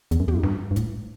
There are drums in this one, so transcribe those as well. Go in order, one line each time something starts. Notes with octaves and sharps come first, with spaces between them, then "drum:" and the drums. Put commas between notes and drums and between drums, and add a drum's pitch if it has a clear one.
E2, drum: hi-hat
F#2
E2, drum: tom
F#2
G2, drum: snare
G2
A2, drum: kick, hi-hat